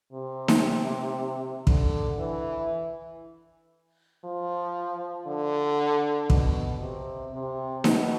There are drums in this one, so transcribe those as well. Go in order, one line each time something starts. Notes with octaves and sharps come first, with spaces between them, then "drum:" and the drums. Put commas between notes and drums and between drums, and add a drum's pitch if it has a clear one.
C3
drum: snare D#4
D3, drum: kick
E3
F3
D3
B2, drum: kick
C3
C3
B2, drum: snare D#4